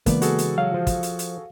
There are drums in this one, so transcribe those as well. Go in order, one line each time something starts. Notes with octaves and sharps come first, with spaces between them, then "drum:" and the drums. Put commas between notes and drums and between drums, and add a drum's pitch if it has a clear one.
C#3 E3 G#3 A#3 B3 D5, drum: kick, hi-hat
F#4 G#4 A4, drum: hi-hat
drum: hi-hat
F#3 F5
F3
drum: kick, hi-hat
drum: hi-hat
drum: hi-hat